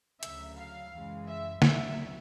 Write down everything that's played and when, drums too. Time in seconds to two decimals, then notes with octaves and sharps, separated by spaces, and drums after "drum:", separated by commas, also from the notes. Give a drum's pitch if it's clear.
0.23 D2 C#3 F#3 E5, drum: hi-hat
0.58 F5
0.92 F#2 C#3 E3 G#3
1.28 E5
1.62 C2 B2 F#3 E5, drum: snare